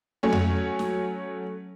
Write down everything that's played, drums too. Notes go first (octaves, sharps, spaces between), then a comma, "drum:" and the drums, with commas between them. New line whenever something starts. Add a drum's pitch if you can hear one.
F#3 A3 C#4
drum: tom F2
drum: snare